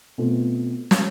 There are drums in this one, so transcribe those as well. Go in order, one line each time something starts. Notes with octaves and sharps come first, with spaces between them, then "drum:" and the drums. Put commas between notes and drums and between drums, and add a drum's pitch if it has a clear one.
B2 A3 C4 F4
drum: snare